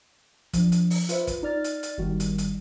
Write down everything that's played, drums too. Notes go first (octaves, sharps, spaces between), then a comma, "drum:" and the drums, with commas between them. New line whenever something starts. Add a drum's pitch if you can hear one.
F3 D4, drum: kick, hi-hat
drum: hi-hat
drum: open hi-hat
F4 B4 C5 E5, drum: hi-hat
drum: kick, hi-hat
D#4 D5 F6 A6
drum: hi-hat
drum: hi-hat
G1 D#3 G3 F#4
drum: hi-hat
drum: hi-hat